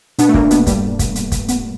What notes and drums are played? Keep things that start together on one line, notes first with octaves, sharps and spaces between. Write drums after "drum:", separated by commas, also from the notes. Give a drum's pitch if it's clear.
B2 B3 D4, drum: hi-hat
A3
A#2 A#3, drum: kick
B2 B3, drum: hi-hat
G2 G3, drum: kick, hi-hat
drum: kick, hi-hat
drum: hi-hat
drum: kick, hi-hat
B3, drum: hi-hat